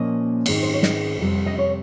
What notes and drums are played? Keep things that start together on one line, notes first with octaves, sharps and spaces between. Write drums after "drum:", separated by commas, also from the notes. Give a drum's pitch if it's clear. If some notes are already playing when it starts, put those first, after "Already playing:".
Already playing: A#2 F3 A#3 C#4 D#5
G#2 D#3 G#3 C4, drum: cymbal
C5
C#5
D#5, drum: snare
F2 C3 G3
D#5
C#5